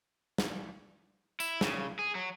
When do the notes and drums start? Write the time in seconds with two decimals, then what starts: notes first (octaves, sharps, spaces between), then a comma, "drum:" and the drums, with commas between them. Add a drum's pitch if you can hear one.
0.38 drum: snare
1.40 E4, drum: tambourine
1.61 C#3, drum: snare
1.99 G#4
2.15 F#3